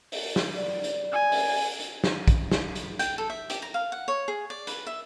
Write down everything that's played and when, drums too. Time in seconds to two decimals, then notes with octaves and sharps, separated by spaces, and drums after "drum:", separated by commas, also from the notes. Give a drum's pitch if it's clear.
0.12 drum: open hi-hat
0.36 drum: snare
0.56 D5
0.84 drum: hi-hat
1.13 G#5
1.32 drum: open hi-hat
1.56 drum: open hi-hat
1.80 drum: hi-hat
2.04 drum: snare
2.28 drum: kick, hi-hat
2.51 drum: snare
2.75 drum: hi-hat
2.99 G5, drum: hi-hat
3.18 A4
3.30 E5
3.50 G4, drum: hi-hat
3.62 A#5
3.74 F5
3.92 F#5
4.08 C#5
4.28 G#4
4.50 D5
4.67 B4, drum: hi-hat
4.87 E5